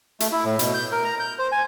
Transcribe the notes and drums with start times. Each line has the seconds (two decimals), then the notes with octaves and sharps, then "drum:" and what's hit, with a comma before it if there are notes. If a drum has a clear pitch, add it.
0.20 A3, drum: hi-hat
0.32 E4
0.45 A2
0.59 B2, drum: hi-hat
0.74 G6
0.92 A#4
1.04 A#5
1.20 G6
1.39 C5
1.52 G#5